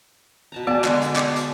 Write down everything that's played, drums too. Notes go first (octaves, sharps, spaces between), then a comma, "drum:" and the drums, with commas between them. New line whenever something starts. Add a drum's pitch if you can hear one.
B2 A5 A#5
B2 B3 D5 G#5 A5
D3 G#3 G#4, drum: clap
drum: hi-hat
D4 D6, drum: clap
drum: hi-hat